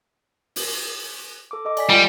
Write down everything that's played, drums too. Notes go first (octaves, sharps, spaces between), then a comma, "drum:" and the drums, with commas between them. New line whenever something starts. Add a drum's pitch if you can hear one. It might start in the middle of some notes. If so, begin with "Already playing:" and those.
drum: open hi-hat
A4 D6
A4 D#5 D6
D5 G#5 B6, drum: cymbal
G3 F4 D5 G5